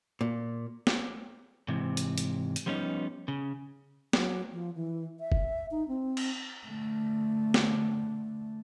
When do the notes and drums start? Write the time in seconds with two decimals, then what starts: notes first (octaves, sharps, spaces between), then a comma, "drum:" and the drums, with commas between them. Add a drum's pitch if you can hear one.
0.21 A#2
0.87 drum: snare
1.68 G#2 C3 E3
1.97 drum: hi-hat
2.18 drum: hi-hat
2.56 drum: hi-hat
2.66 F3 G3 B3 C#4 D#4
3.28 C#3
4.13 F#3, drum: snare
4.52 F3
4.75 E3
5.20 E5
5.32 drum: kick F#1
5.71 D#4
5.88 C4
6.17 drum: cymbal
6.67 D3 A3
7.54 drum: snare